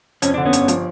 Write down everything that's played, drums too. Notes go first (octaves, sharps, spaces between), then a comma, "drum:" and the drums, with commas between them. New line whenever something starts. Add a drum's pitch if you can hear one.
F2 C#4, drum: hi-hat
D3 D4
B3 C#4
G1, drum: hi-hat
F3, drum: hi-hat